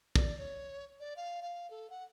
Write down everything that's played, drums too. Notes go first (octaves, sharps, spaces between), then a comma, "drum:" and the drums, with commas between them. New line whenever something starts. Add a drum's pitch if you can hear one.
D5, drum: kick
C#5
D5
F5
F5
A4
F#5